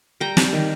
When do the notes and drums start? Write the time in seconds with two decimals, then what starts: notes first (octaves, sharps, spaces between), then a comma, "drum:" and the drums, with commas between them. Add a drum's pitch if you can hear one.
0.20 G3 G5 A#5
0.37 G3, drum: snare
0.53 D#3